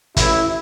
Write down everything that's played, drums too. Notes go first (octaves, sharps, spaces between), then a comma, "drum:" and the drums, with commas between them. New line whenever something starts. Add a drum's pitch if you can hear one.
A1 A2 E3 E4, drum: kick, hi-hat